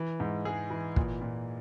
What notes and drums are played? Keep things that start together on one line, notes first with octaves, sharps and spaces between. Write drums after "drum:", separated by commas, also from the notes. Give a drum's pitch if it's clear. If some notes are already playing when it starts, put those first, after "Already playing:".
Already playing: E3
G#2
G#3 G#4
E3
A#2, drum: kick
A#2